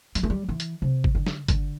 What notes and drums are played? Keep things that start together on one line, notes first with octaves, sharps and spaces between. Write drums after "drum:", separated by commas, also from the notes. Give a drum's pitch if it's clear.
G3, drum: hi-hat
A3
G3
E3
drum: hi-hat
C3
drum: kick
D3
drum: snare
D3, drum: kick, hi-hat